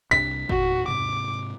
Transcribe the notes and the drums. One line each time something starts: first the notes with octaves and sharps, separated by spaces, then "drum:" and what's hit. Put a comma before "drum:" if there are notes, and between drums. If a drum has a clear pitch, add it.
C2 C3 D4 B6
E2 A#2 F#4, drum: kick
G#2 C3 D6, drum: tom